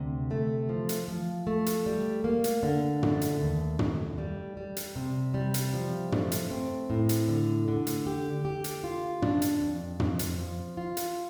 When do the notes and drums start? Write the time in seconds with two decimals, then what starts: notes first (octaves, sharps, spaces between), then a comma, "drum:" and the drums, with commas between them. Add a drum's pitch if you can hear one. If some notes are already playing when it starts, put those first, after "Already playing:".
Already playing: D2 C3
0.31 A3
0.69 F3
0.89 drum: hi-hat
1.08 F3
1.47 A3
1.66 drum: hi-hat
1.86 G3
2.24 A#3
2.44 drum: hi-hat
2.63 D3
3.03 A3, drum: tom
3.21 drum: hi-hat
3.41 D#2
3.79 D#2, drum: tom
4.18 G3
4.57 G3
4.77 drum: hi-hat
4.96 C3
5.34 G3
5.54 drum: hi-hat
5.73 F3
6.12 A3, drum: tom
6.32 drum: hi-hat
6.51 C4
6.90 A2
7.09 drum: hi-hat
7.28 D3
7.68 D3
7.87 drum: hi-hat
8.07 G4
8.45 G4
8.64 drum: hi-hat
8.84 F4
9.22 D4, drum: tom
9.42 drum: hi-hat
9.61 F2
10.00 F2, drum: tom
10.19 drum: hi-hat
10.38 F3
10.77 F4
10.97 drum: hi-hat